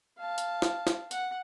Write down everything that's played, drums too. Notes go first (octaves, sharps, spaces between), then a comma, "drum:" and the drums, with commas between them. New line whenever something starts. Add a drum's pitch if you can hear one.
F5 A5
drum: hi-hat
drum: snare
drum: snare
F#5, drum: hi-hat